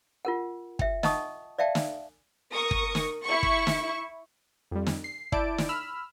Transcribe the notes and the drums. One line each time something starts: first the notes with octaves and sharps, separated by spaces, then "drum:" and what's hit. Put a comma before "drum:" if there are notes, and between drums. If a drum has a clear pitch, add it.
F4 A#4 F#5
E5 G5, drum: kick
D#5 F#5 A5 C#6 D#6, drum: snare
D5 E5 F5 G5 A5
drum: snare
A#4 C#6 D#6
drum: kick
drum: snare
E4 C#6
drum: kick
drum: snare
F2 G3
drum: snare
C7
E4 D5 A5 G6 D7, drum: kick
drum: snare
B5 E6 F6